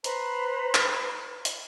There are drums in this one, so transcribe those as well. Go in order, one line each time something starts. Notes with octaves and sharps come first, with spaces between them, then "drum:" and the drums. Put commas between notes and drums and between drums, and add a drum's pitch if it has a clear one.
B4 C5 A#5 B5, drum: hi-hat
drum: clap
drum: hi-hat